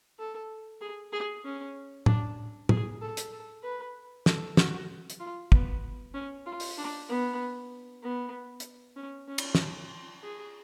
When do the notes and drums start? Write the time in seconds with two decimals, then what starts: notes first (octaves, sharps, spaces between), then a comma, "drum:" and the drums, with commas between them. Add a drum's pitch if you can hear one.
0.19 A4
0.81 G#4
1.13 G#4
1.45 C#4
2.06 D4, drum: tom A2
2.69 G#4, drum: tom
3.01 A4
3.17 drum: hi-hat
3.32 A4
3.63 B4
4.26 A4, drum: snare
4.57 F#4, drum: snare
5.10 drum: hi-hat
5.20 F4
5.52 B3, drum: kick
6.14 C#4
6.46 F4
6.60 drum: open hi-hat
6.77 D4
7.09 B3
8.03 B3
8.60 drum: hi-hat
8.96 C#4
9.28 C#4
9.38 drum: cymbal
9.55 drum: snare
10.23 G#4